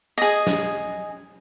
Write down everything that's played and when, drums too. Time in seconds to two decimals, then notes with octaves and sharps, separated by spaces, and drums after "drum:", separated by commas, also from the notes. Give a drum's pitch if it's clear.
0.18 G#4 D#5
0.47 drum: snare